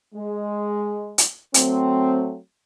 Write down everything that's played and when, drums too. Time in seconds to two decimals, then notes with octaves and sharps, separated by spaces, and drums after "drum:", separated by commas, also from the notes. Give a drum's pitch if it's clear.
0.15 G#3
1.18 drum: hi-hat
1.54 F#3 A3 C4, drum: hi-hat